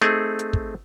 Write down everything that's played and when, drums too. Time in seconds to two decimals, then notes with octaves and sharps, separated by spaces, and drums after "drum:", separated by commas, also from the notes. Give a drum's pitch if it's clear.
0.01 A3 C4 D#4 G#4, drum: snare
0.39 drum: hi-hat
0.53 drum: kick